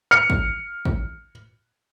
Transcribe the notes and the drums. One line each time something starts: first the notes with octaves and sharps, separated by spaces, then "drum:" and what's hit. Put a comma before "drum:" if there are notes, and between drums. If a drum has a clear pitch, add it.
F6 C#7
drum: kick
drum: kick